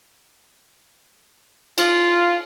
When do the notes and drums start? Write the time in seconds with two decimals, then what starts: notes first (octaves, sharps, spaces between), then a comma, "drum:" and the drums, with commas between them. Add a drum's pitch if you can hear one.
1.78 F4, drum: cymbal